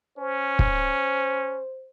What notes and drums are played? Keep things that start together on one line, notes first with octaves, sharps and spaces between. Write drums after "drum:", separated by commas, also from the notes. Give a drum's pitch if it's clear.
C#4 C5
drum: kick